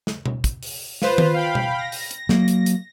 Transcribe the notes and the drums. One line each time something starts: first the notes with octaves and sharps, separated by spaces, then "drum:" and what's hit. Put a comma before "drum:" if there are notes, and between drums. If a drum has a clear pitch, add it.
drum: snare
drum: tom B2
drum: kick, hi-hat
drum: open hi-hat
F4 B4 C5, drum: snare
drum: tom D#3
F5 G5 B5
drum: tom B2
A#6
drum: open hi-hat
drum: hi-hat
F#3 A#3, drum: snare
drum: hi-hat
drum: hi-hat